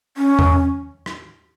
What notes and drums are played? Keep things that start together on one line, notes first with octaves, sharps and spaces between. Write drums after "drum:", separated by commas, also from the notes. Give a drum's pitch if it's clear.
C#4
drum: tom E2
drum: rim click